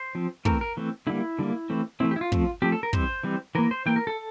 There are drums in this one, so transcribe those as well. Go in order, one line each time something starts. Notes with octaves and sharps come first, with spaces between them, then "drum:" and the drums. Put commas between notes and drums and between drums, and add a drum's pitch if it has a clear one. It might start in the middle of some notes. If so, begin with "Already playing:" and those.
Already playing: C5
F3 C4
E3 A3 C4 A#4, drum: kick
A#4
E3 A3 C4
D3 G3 A#3 E4
D3 G3 A#3
E3 A3 C4
E3 A3 C4 E4
G4
E4
F4
F3 A3 C4, drum: kick
F3 A3 C4 G4
A4
A#4
E3 G3 C4 C5, drum: kick
E3 G3 C4
E3 A#3 A#4
C5
E3 A#3 G5
A#4
A4